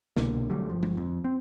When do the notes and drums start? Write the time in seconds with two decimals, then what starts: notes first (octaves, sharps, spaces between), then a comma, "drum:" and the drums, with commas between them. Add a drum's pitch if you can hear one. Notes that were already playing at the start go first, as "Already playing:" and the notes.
0.17 C2 B2 D3 A#3, drum: snare
0.50 D3 F#3 G3 A3
0.69 G1 F3
0.83 drum: tom G#3
0.97 F2
1.24 C4